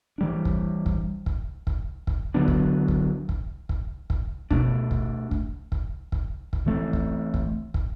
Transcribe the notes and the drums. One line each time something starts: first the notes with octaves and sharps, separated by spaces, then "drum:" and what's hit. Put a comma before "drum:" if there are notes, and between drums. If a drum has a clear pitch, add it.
E3 G3 D4
drum: kick
drum: kick
drum: kick
drum: kick
drum: kick
D3 F#3 B3 D4
drum: kick
drum: kick
drum: kick
drum: kick
drum: kick
B2 A3 D4, drum: kick
drum: kick
drum: kick
drum: kick
drum: kick
drum: kick
E3 A3 C4
drum: kick
drum: kick
drum: kick